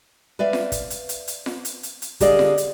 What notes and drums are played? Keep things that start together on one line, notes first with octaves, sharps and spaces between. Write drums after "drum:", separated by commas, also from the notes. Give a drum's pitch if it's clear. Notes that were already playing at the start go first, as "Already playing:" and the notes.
B4 D5 E5 F5
drum: snare F4
drum: kick, hi-hat
drum: hi-hat
drum: hi-hat
drum: hi-hat
drum: snare F4
drum: hi-hat
drum: hi-hat
drum: hi-hat
D3 G4 G#4 D5 D#5 F5, drum: kick, hi-hat
drum: snare F4
drum: hi-hat